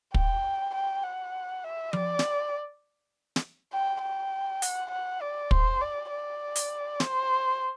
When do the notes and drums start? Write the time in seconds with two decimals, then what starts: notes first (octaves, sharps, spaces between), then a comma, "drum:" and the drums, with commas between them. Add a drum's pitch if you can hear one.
0.14 G5, drum: kick
0.74 G5
1.03 F#5
1.64 E5
1.93 D5, drum: tom F3
2.19 drum: snare
3.36 drum: snare
3.72 G5
4.01 G5
4.62 F#5, drum: hi-hat
4.91 F#5
5.21 D5
5.51 C5, drum: kick
5.81 D5
6.11 D5
6.56 drum: hi-hat
7.00 C5, drum: snare